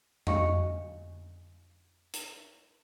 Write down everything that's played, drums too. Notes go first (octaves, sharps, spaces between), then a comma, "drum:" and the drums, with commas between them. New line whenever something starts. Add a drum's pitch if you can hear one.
D#5 F5 C#6 C#7, drum: tom F2
drum: hi-hat